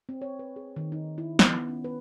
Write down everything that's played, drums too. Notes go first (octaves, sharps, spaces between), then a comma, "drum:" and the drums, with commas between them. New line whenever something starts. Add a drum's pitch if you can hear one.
C4
C#5
B4
G#4
D#3
D#4
E4
B3, drum: snare
C#4
B4